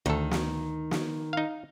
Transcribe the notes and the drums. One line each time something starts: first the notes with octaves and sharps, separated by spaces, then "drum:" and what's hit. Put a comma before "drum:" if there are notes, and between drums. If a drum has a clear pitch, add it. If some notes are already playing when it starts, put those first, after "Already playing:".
D2 D#3 A4
drum: snare
drum: snare
D#4 F5